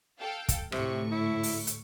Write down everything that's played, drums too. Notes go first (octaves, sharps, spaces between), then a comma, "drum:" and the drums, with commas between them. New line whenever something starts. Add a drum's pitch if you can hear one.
A4 F5 G5
drum: kick, hi-hat
D2 A2 C3 C#6, drum: rim click
E4
drum: open hi-hat
drum: hi-hat